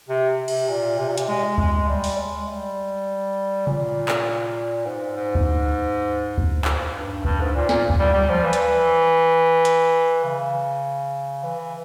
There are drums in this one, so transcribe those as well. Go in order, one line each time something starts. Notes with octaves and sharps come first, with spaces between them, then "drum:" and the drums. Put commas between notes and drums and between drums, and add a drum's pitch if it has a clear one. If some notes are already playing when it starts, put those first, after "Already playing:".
C3
C3, drum: cymbal
A#2
C3
A#2
C3, drum: hi-hat
G#3
G#3, drum: kick D2
G3
drum: open hi-hat
G#3
G3
A#2, drum: tom C3
drum: clap
G#2
G#2
drum: kick D2
drum: kick D2
G#2, drum: clap
G2
G2, drum: kick D2
G#2
A#2
A#2, drum: snare
drum: kick D2
G3
G3
F3
E3
drum: hi-hat
drum: hi-hat
C#3
E3